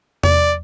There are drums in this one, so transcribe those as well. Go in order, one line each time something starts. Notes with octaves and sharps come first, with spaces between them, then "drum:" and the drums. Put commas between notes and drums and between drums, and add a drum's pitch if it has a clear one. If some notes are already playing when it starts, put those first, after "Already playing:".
D5, drum: tom E2